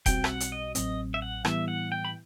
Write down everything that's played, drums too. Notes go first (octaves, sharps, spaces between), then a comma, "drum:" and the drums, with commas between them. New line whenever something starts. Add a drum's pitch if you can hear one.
B1 B2 G3 C4 F#4 G5, drum: kick E1, hi-hat
E5, drum: rim click
F#5
drum: hi-hat
D#5
A1 A2 F#3 C4 D#5, drum: hi-hat
E5
F#5
A2 E3 G3 B3 E4 E5, drum: rim click
F#5
G5
B5